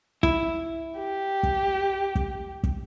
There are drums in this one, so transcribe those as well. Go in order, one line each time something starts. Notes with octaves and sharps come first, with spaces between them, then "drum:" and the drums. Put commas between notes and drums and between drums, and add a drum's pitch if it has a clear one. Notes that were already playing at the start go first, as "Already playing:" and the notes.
E4, drum: kick
G4
drum: kick
drum: kick
drum: kick